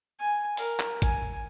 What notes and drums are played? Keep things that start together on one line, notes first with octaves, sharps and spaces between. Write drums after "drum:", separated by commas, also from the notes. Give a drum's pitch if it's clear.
G#5
A#4, drum: open hi-hat
drum: clap
G#5, drum: kick G#1, hi-hat